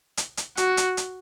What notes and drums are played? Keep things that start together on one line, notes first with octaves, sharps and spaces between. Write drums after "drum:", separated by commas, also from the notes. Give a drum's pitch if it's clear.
drum: hi-hat
drum: hi-hat
F#4, drum: hi-hat
drum: hi-hat
drum: hi-hat